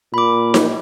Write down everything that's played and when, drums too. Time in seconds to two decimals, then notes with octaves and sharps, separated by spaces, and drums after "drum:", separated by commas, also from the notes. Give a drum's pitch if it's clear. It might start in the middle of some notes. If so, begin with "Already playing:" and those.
0.14 A#2 B5 D6
0.54 drum: snare D#4